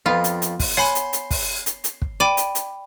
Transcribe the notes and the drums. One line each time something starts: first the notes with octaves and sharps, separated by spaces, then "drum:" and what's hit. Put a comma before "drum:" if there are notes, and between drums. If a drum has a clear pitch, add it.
F2 B3 F4
drum: hi-hat
drum: hi-hat
drum: kick, open hi-hat
C5 C#5 F#5 G#5 B5 C6
drum: hi-hat
drum: hi-hat
drum: kick, open hi-hat
drum: hi-hat
drum: hi-hat
drum: kick
D5 G5 B5 D#7
drum: hi-hat
drum: hi-hat